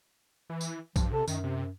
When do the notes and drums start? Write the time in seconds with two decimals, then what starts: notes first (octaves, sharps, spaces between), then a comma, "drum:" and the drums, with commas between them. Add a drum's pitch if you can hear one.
0.50 E3
0.61 drum: tambourine
0.96 G2 F3, drum: kick A#1, tambourine
1.12 C3 A4
1.28 F#2 D#3, drum: tambourine
1.44 C3